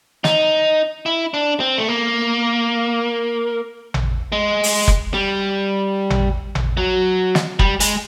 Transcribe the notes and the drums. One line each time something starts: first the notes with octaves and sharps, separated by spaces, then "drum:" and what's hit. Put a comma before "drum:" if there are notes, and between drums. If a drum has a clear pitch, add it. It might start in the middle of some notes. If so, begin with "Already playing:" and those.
D#4, drum: snare
E4
D4
C4
A3
A#3
drum: tom A1
G#3
drum: open hi-hat
drum: kick F#1
G3
drum: tom A1
drum: tom A1
F#3
drum: snare
G3, drum: kick F#1
G#3, drum: hi-hat